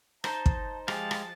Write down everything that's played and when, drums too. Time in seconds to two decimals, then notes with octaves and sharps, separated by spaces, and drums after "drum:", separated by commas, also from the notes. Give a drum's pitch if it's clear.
0.24 D#4 C5 A5, drum: rim click
0.46 drum: kick
0.88 F3 G#3 G4 G#4 F5 A5, drum: rim click
1.11 drum: rim click